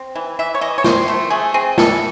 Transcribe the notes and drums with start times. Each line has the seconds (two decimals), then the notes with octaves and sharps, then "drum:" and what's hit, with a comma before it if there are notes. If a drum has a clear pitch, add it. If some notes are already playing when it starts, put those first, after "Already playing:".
Already playing: C4
0.15 E3
0.39 E3 E5
0.55 C#5
0.61 E3 D#5
0.78 C#5
0.84 C4 C5, drum: snare
1.08 A3 C5
1.30 A3 G#4
1.54 C4 G#4
1.78 E3 A4, drum: snare